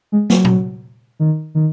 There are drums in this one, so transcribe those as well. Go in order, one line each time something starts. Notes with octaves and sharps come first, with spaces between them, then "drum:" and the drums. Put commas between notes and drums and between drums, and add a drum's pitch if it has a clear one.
G#3
F#3, drum: snare
drum: tom A#2
D#3
D#3